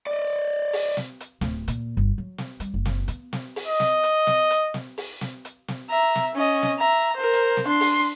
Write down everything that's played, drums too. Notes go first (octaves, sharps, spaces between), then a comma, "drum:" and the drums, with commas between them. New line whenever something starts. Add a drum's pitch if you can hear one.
D5 D#5
drum: open hi-hat
drum: snare
drum: hi-hat
D1, drum: snare
A#2, drum: hi-hat
G1
F#3
drum: snare
G3, drum: hi-hat
F#1
drum: snare
B3, drum: hi-hat
drum: snare
drum: open hi-hat
D#5
drum: snare
drum: hi-hat
drum: snare
drum: hi-hat
drum: snare
drum: open hi-hat
drum: snare
drum: hi-hat
drum: snare
E5 A#5
drum: snare
C#4 D#5
drum: snare
E5 A#5
A#4 C5
drum: hi-hat
drum: snare
D4 C6
drum: open hi-hat